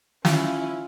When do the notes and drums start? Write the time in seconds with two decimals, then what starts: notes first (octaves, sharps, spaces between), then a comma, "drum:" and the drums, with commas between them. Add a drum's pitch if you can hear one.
0.25 C#4 E4 F4, drum: snare